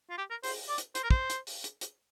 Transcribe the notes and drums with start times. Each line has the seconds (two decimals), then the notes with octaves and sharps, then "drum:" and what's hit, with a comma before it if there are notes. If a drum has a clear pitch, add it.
0.10 F4
0.18 G4
0.30 A#4
0.43 C5, drum: open hi-hat
0.69 D5
0.78 drum: hi-hat
0.95 C5, drum: hi-hat
1.03 A#4
1.11 C5, drum: kick
1.30 drum: hi-hat
1.47 drum: open hi-hat
1.64 drum: hi-hat
1.81 drum: hi-hat